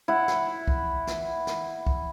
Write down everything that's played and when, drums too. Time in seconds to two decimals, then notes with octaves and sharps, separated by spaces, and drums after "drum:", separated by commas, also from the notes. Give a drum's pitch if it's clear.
0.08 E4 F#5
0.28 drum: snare
0.68 drum: kick
1.07 drum: snare
1.47 drum: snare
1.87 drum: kick